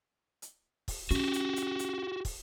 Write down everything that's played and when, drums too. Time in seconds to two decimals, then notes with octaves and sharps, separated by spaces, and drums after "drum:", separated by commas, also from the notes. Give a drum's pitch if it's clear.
0.42 drum: hi-hat
0.88 drum: kick, open hi-hat
1.11 C#4 F#4 G4, drum: hi-hat
1.33 drum: hi-hat
1.56 drum: hi-hat
1.79 drum: hi-hat
2.25 drum: kick, open hi-hat